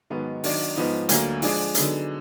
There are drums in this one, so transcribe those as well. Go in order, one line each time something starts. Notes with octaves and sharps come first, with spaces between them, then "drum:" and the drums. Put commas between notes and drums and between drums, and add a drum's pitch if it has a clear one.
G#2 D#3 F#3 B3
D#3 F#3 D4, drum: open hi-hat
G#2 F3 B3 D#4
D2 D3 F#3 A#3, drum: hi-hat
F3 G#3 D4 G#4, drum: open hi-hat
D3 F#3 B3 D#4 G#4, drum: hi-hat